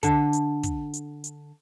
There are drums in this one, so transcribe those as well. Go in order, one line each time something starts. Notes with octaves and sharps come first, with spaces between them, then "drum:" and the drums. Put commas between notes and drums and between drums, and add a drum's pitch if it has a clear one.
D3 A4, drum: kick, hi-hat
drum: hi-hat
drum: kick, hi-hat
drum: hi-hat
drum: hi-hat